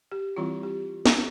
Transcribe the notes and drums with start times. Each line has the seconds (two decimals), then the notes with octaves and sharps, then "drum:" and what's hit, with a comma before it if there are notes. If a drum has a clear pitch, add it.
0.12 G4
0.37 E3 G3 C4 E4 F4
0.63 G4
1.06 drum: snare